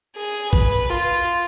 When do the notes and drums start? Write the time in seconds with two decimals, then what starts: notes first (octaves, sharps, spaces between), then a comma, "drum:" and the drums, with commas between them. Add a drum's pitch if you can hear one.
0.16 G#4
0.53 B4, drum: kick A1
0.90 F4